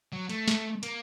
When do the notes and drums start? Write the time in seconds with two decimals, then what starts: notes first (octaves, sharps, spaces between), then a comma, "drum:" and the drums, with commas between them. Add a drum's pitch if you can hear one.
0.13 F#3
0.30 A3, drum: hi-hat
0.48 drum: snare
0.83 A#3, drum: hi-hat